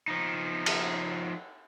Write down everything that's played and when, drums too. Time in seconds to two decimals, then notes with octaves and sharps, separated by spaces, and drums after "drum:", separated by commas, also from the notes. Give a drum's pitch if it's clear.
0.08 F3 D#4
0.66 drum: cymbal